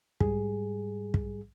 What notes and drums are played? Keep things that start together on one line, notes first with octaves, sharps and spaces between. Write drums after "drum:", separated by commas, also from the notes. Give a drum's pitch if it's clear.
G#2 G3 G#4, drum: kick
drum: kick